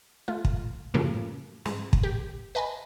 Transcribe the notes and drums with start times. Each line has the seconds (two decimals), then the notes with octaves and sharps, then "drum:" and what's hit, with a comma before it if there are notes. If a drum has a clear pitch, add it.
0.28 A3 F4
0.45 drum: kick
0.94 F#2 A2 C#3 F3 G3 A#3
1.65 G#2, drum: snare
1.93 drum: kick
2.03 G4
2.55 B4 D#5 G#5 A5 B5